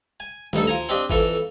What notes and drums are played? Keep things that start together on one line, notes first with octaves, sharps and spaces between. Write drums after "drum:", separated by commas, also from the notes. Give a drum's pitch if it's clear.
G#5
D2 G2 D#4 A4, drum: tom
F3 G#5 A#5
C4 D4 G4 D#5
F2 E3 A4, drum: kick G1